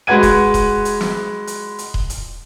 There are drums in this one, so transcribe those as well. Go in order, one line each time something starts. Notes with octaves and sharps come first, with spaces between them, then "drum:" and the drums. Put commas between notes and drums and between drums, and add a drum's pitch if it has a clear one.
G#3 F#4 B4 F#5 G#6 D#7
drum: kick D#1, hi-hat
drum: kick D#1, hi-hat
drum: hi-hat
drum: snare
drum: hi-hat
drum: hi-hat
drum: kick D#1
drum: hi-hat